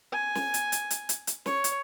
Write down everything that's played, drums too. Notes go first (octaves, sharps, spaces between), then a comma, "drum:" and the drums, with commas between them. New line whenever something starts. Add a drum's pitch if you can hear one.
G#5
drum: snare
drum: hi-hat
drum: hi-hat
drum: hi-hat
drum: hi-hat
drum: hi-hat
C#5, drum: snare
drum: hi-hat